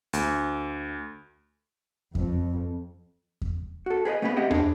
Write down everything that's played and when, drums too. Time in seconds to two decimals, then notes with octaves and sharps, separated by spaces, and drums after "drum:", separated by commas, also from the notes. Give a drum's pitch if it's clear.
0.13 D2, drum: hi-hat
2.15 F2, drum: kick E2
3.41 drum: kick E2
3.86 F#4 A4
4.05 G#4 B4 C#5 D#5
4.22 A3 B3 C#4 G#4 B4
4.36 C4 G4 D#5 E5 F#5 G5
4.51 D4 G#4, drum: tom D#2